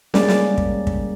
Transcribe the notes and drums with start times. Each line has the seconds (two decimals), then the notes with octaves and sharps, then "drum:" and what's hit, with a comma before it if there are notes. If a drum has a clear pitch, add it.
0.14 G3 G#3 A#3 C#4 D5, drum: snare
0.28 drum: snare
0.58 drum: kick
0.87 drum: kick